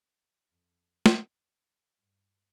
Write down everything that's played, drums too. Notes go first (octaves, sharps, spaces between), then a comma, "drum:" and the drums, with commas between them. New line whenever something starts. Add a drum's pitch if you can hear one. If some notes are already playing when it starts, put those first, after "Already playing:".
F2
drum: snare
G2